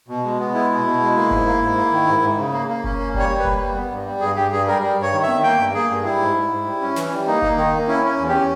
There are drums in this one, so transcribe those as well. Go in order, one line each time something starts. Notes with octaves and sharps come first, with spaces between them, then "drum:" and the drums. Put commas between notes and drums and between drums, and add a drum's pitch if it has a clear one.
B2
G#3
B3
G#3 E4
B2
B2
G#3
A#3
G#2, drum: kick F#1
A#3
G#2
A#3
D#3
G#2
G#2
C#3
A#3
A#3
C#4, drum: kick F#1
A#3
G3, drum: kick F#1
C#5
G3
B4
A#3, drum: kick F#1
G3
B3
G2
G3
G2 G#4
G2 G4
G2 G#4
G3 A#4
G3
G2 C#5
D#3
E5
D#3, drum: tom B3
A#3 G5
G2
A#3 G#4
G2
G3 E4
G#2
G#2
G#2
G3
C#4
E3, drum: snare
G3
A#3 D#4
A#3, drum: kick F#1
D#3 D#4
A#3
C#4 E4
C#4
E2
G4
C#4